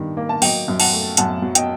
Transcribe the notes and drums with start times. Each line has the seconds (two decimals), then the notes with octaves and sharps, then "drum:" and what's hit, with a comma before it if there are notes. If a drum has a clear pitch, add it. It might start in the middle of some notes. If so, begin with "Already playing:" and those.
Already playing: G2 D#3
0.17 A#3
0.29 A5
0.42 F#3 D#5 G5, drum: open hi-hat
0.68 F#2
0.80 F#5 A5, drum: open hi-hat
0.93 A3
1.17 F#2 F#5 A5, drum: hi-hat
1.42 F#3
1.55 D#5 G5, drum: hi-hat